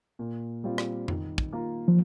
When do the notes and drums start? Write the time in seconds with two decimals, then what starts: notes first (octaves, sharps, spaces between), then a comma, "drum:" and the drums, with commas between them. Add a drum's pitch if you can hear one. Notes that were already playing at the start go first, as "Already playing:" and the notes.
0.19 A#2
0.64 G3 C4 F4
0.78 drum: rim click
1.08 D#3, drum: tom F2
1.38 drum: kick
1.52 A#3 F4
1.88 F3